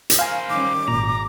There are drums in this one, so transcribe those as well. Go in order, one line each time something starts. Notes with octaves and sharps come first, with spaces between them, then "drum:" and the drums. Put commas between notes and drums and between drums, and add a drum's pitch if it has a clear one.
drum: hi-hat
A#4 C5 F5 G#5
D#3 G3 C#4 D6
G#1 A#2 A#5